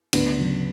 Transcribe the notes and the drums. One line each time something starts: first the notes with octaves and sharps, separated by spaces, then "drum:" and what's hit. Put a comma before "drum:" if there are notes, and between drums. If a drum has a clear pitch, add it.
D2 B3 D4, drum: cymbal
C#3 F#3